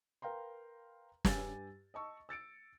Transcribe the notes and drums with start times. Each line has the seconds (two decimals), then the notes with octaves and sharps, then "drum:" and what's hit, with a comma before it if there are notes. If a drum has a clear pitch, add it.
0.22 A#4 B4 F5 G5 A#5 C6
1.25 G2 G4 B4 G#5 E6 A6, drum: snare
1.94 D#5 A5 C#6 E6
2.29 E6 A6 C#7 D7